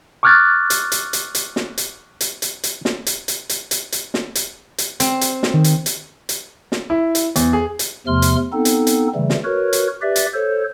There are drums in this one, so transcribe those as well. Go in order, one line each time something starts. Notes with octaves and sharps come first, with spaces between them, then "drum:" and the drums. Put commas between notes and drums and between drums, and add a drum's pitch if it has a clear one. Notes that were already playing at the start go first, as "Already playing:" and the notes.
C#6 D6 F6 F#6 G#6 A6
drum: hi-hat
drum: hi-hat
drum: hi-hat
drum: hi-hat
drum: snare
drum: hi-hat
drum: hi-hat
drum: hi-hat
drum: hi-hat
drum: snare
drum: hi-hat
drum: hi-hat
drum: hi-hat
drum: hi-hat
drum: hi-hat
drum: snare
drum: hi-hat
drum: hi-hat
C4, drum: hi-hat
drum: hi-hat
drum: snare
D#3
drum: hi-hat
drum: hi-hat
drum: hi-hat
drum: snare
E4
drum: hi-hat
E2, drum: hi-hat
G#4
drum: hi-hat
E2 C3 F3 A3 C6 F6
drum: hi-hat
B3 C4 D#4 A4
drum: hi-hat
drum: hi-hat
C#3 E3 G3 A3
drum: snare
F#4 A#4 B4 C#5
drum: hi-hat
G4 B4 D5 E5
drum: hi-hat
A4 C5 C#5